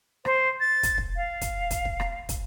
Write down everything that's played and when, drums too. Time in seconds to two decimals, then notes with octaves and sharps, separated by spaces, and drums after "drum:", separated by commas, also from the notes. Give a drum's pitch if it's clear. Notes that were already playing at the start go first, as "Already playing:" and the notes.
0.25 C5, drum: rim click
0.60 A6
0.83 drum: kick, hi-hat
0.98 drum: kick
1.16 F5
1.41 drum: kick, hi-hat
1.71 drum: kick, hi-hat
1.85 drum: kick
2.00 drum: rim click
2.29 drum: kick, hi-hat